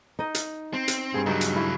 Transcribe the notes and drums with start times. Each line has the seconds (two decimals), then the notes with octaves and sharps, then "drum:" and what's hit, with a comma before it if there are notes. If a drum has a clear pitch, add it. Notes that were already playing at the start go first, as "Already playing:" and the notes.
0.19 D#4 D#5
0.35 drum: hi-hat
0.73 C4
0.88 drum: hi-hat
1.14 G2 G#4
1.26 C#2 F#3 D#4 D5
1.41 drum: hi-hat
1.56 E4